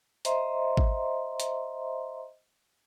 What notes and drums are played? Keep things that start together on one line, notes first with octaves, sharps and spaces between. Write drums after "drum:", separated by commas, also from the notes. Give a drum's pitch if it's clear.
C5 D#5 E5 A#5 C6, drum: hi-hat
drum: kick G#1
drum: hi-hat